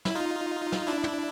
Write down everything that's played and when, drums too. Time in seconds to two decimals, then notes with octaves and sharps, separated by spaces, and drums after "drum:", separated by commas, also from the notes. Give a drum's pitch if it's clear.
0.05 E4, drum: snare
0.15 D#4 F4
0.72 drum: snare
0.87 D4 E4
1.04 drum: tom